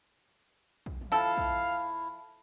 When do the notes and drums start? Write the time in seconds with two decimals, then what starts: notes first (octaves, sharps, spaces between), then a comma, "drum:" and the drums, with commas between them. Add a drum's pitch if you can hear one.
0.86 drum: kick A#1
1.01 drum: tom
1.12 F3 E4 A4 F5
1.37 drum: kick A#1